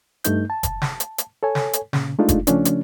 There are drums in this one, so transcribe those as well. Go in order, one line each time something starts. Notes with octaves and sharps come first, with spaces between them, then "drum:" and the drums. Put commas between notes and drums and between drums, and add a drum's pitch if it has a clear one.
G2 A3 D#4 G6, drum: hi-hat
A5
drum: kick F1, hi-hat
drum: snare
drum: hi-hat
drum: hi-hat
A4 C#5 G#5
drum: snare
drum: hi-hat
A#2 C#3, drum: snare
G#3 A3 D4 D#4 F4
drum: kick F1, hi-hat
C#3 F3 A3 C#4 D4, drum: hi-hat
drum: hi-hat